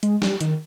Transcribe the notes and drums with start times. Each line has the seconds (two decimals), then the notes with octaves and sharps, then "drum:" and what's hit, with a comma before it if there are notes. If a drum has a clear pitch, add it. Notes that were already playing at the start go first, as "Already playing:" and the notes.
0.03 G#3, drum: hi-hat
0.22 G3, drum: snare
0.41 D#3, drum: hi-hat